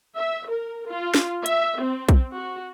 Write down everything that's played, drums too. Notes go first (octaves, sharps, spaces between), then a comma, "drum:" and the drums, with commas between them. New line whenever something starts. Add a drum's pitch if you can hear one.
E5
A#4
F4
drum: snare
E5, drum: hi-hat
C4
drum: kick B1, hi-hat
F#4